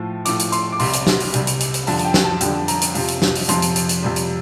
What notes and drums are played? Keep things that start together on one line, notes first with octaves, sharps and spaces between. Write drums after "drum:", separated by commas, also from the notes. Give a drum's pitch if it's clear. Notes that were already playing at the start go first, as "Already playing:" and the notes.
Already playing: A2 F3
A2 F3 D6, drum: hi-hat
drum: hi-hat
C6, drum: hi-hat
D6
C2 C3 G3 C6, drum: open hi-hat
drum: hi-hat
drum: snare
drum: open hi-hat
C2 C3 G3, drum: hi-hat
drum: hi-hat
drum: hi-hat
drum: hi-hat
F2 D3 G3 A5, drum: open hi-hat
A5, drum: hi-hat
G5
drum: snare
A5
F2 D3 G3 G5, drum: hi-hat
A#5, drum: hi-hat
drum: hi-hat
F2 C3 F3, drum: open hi-hat
drum: hi-hat
drum: snare
drum: open hi-hat
F2 C3 F3 C6, drum: hi-hat
drum: hi-hat
drum: hi-hat
drum: hi-hat
F2 C3 G3
drum: hi-hat